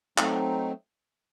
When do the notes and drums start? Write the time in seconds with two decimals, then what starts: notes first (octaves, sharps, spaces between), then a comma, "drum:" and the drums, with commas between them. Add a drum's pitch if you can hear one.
0.18 F#3 A3 C4 D#4, drum: clap